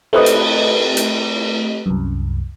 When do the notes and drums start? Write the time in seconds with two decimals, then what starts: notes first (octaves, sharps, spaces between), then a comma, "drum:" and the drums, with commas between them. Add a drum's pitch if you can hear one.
0.13 A3 C4 G4 B4 D#5, drum: cymbal
0.26 drum: hi-hat
0.97 drum: hi-hat
1.86 C2 F#2